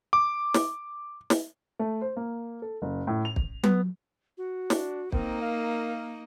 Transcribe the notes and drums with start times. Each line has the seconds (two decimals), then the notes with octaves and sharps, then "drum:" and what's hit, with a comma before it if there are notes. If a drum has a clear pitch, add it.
0.13 D6
0.54 drum: snare
1.30 drum: snare
1.79 A3
2.01 C5
2.17 A#3
2.62 A4
2.82 F#1
3.07 A2
3.25 F7
3.36 drum: kick
3.63 B3, drum: tom F#3
4.38 F#4
4.70 D4, drum: snare
5.12 A#3 C4 D#4 A#4, drum: kick
5.42 F5